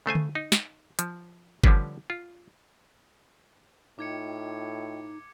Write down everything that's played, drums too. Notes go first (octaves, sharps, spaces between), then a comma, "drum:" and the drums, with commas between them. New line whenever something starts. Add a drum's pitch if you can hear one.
C#3 A3 C5 G#5
drum: tom D3
D#4
drum: snare
F3, drum: hi-hat
D3 F3 G3 C#4 D4 B4, drum: kick G1
F4
A2 D#4 F4 D#5 G5 D6 G#6 C#7